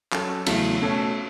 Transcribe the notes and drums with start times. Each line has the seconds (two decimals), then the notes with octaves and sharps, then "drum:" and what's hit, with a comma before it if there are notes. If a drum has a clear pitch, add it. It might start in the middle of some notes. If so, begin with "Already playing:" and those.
0.12 F#3 C#4 A4, drum: clap
0.46 E2 C#3 F#3 A3 E4, drum: cymbal
0.82 B2 A3 C#4 A4 C#5